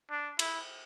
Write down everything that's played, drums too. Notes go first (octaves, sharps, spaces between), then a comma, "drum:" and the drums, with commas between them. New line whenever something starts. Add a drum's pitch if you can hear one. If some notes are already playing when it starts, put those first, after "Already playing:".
D4
E4, drum: cymbal